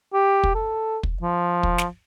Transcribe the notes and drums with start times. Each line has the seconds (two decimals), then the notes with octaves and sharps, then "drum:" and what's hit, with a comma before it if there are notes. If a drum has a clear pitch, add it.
0.14 G4
0.43 drum: kick
0.55 A4
1.03 drum: kick
1.22 F3
1.63 drum: kick
1.78 drum: snare